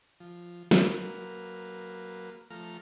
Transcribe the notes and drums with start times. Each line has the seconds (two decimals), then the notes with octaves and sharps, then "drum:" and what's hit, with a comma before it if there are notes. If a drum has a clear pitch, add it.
0.20 F3
0.71 F#3 A#3 B4 F5, drum: snare
2.50 F3 A3 A#5 F6